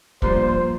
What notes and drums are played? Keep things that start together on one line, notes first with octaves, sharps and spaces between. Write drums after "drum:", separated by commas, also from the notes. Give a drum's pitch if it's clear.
G2 F3 A#3 F4 C5, drum: kick